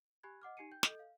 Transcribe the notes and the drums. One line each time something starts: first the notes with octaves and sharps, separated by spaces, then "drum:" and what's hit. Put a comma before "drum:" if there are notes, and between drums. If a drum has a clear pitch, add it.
G4 G#5 B5 F#6 G#6
D#5 F#5 D6 F6
D#4 G4 G#5 C7 C#7 D#7
G5 G6
A4 D#5 G6, drum: snare
F5